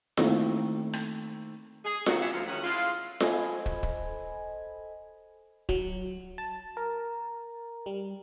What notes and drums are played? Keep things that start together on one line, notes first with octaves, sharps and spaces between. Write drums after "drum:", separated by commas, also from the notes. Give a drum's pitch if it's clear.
D#3 A3 A#3 C4 E4, drum: snare F4
drum: rim click
G#4
D#3 F#4, drum: snare F4
B3 C#4 E4 G4
D2 F3
E2 D#3 A3 C#4 F#5
G#3 E4 F4
A4 C5 D#5 G#5 B5 G#6, drum: snare F4
drum: kick
drum: kick
F#3, drum: kick
A5
A#4
G3